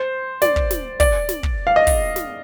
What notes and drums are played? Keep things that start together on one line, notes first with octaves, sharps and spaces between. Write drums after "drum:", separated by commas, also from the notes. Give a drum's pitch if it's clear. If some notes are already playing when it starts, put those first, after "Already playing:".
Already playing: C5
D5, drum: snare
drum: kick
drum: snare
D5, drum: kick, open hi-hat
drum: snare
drum: kick
F5
D#5
drum: kick, open hi-hat
drum: snare